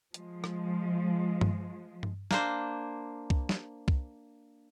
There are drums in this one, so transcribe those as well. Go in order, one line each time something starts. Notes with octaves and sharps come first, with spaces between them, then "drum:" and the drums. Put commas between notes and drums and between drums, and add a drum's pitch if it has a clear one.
F3 G#3, drum: hi-hat
drum: rim click
drum: tom G2
drum: tom G2
A#3 D4 C5, drum: snare
drum: kick C2
drum: snare
drum: kick C2